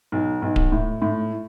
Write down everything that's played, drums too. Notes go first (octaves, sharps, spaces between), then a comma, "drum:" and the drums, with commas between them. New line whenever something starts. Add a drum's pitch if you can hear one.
B1
B1
drum: kick D1
A2
A2